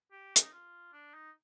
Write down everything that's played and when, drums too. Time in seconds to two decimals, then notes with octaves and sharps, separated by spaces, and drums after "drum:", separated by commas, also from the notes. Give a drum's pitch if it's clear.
0.11 G4
0.36 D4, drum: hi-hat
0.44 D#4
0.53 F4
0.93 D4
1.14 D#4